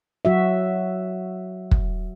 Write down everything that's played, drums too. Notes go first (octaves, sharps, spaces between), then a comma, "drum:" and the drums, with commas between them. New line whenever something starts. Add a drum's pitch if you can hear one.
F#3 F#4 E5
drum: kick